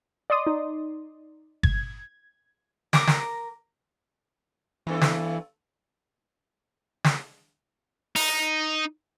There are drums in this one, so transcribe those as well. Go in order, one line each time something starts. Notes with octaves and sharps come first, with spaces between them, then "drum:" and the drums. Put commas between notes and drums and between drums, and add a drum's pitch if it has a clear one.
D5 D#5 C6 D#6
D#4
G#6, drum: kick G1
A#4 A#5 D6, drum: snare
drum: snare
G2 E3 B3 A4
drum: snare
drum: snare
D#4, drum: open hi-hat